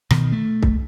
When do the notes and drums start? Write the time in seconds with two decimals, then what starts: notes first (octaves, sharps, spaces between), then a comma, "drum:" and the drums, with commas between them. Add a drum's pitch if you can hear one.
0.10 B2 D#3, drum: rim click
0.32 A3
0.62 drum: kick C2